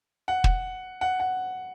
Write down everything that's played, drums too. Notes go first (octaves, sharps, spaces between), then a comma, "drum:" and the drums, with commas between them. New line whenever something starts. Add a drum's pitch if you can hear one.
F#5
drum: kick
F#5
F#5